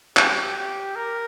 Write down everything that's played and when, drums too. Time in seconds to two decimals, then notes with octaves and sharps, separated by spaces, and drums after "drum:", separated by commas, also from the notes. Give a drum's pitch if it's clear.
0.17 G4, drum: clap
0.57 G4
0.95 A#4